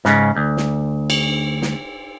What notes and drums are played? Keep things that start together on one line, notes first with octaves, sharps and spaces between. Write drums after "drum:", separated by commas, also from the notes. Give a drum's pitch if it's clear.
G#2 C#3, drum: snare
D2
drum: snare
drum: cymbal
drum: snare